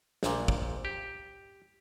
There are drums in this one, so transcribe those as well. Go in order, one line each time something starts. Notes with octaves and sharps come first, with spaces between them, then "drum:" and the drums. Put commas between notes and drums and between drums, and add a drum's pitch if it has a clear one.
A#1 A#2, drum: snare
drum: kick
G4